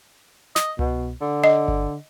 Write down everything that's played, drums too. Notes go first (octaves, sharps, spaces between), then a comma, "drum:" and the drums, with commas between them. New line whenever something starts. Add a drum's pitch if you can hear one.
D#5, drum: snare
B2, drum: tom C2
D3
D#5
drum: kick G1